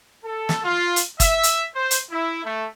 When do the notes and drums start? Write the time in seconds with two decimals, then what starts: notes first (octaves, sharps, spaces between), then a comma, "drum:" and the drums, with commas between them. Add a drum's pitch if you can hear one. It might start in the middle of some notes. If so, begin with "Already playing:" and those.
0.24 A4
0.49 drum: snare
0.64 F4
0.96 drum: hi-hat
1.20 E5, drum: kick, hi-hat
1.43 drum: hi-hat
1.74 C5
1.91 drum: hi-hat
2.11 E4
2.45 A3